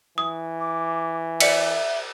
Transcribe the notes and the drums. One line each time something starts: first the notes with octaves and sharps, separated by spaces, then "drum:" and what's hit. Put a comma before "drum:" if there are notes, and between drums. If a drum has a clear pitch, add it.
E3 D#6
D6
D5 E5 B6 C#7, drum: cymbal